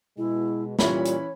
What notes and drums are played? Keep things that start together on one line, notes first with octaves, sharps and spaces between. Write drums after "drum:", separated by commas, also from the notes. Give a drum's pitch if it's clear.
B2 G#3 E4
A#2 E3 G3 C#4 F4 C#5 B5, drum: snare
drum: hi-hat